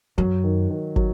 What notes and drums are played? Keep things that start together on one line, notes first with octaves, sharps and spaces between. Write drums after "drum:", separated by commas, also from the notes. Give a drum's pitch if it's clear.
F#2 F#3
D#3
D#3
F#3, drum: kick